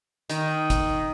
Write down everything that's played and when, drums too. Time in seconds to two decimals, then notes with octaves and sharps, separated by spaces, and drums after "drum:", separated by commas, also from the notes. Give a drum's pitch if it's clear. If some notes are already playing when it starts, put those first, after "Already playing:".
0.30 D#3, drum: hi-hat
0.70 drum: kick G1, hi-hat